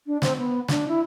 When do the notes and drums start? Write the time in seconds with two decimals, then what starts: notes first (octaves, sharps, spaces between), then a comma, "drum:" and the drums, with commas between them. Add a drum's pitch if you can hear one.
0.06 D4
0.22 C4, drum: snare
0.38 B3
0.68 D4, drum: snare
0.88 E4